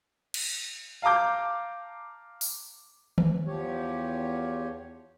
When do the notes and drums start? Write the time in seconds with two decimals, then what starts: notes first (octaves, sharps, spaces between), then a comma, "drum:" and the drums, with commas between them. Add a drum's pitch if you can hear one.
0.34 drum: cymbal
1.02 F5 A5 A#5 D6 G6
2.41 drum: open hi-hat
3.18 drum: tom D#3
3.47 E2 F3 G4 C#5